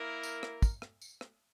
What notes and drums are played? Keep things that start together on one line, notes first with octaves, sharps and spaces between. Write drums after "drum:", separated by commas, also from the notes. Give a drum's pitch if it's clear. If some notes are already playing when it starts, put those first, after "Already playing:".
Already playing: A#3 E4 A#4
drum: tambourine
drum: rim click
drum: kick, tambourine
drum: rim click
drum: tambourine
drum: rim click